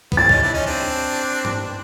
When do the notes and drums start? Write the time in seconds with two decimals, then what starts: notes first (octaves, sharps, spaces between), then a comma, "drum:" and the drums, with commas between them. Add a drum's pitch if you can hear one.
0.12 B3, drum: kick
0.17 C4 A6
0.29 C#4 D#4, drum: kick
0.42 D4 E4
0.54 C#4 D#4
0.66 C4 D4
1.45 drum: tom G2